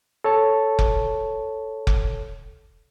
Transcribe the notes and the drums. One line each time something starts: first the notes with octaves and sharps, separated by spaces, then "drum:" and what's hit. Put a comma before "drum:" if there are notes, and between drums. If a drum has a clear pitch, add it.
A4 C#5 A5
drum: kick F1
drum: kick F1